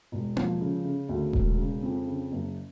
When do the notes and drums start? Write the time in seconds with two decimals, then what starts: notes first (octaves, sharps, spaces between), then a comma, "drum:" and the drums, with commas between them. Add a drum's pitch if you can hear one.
0.12 E1
0.36 F3, drum: tom A#3
0.61 C#3
0.85 C#3
1.09 D2
1.33 E1, drum: kick D#1
1.58 C#3
1.82 F2
2.07 C#3
2.31 F#1